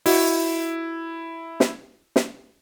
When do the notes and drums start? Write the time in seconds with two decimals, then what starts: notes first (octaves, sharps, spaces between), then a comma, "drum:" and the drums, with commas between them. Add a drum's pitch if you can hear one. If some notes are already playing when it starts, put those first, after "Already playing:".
0.06 E4 F#4 D#5, drum: open hi-hat
1.60 drum: snare
2.16 drum: snare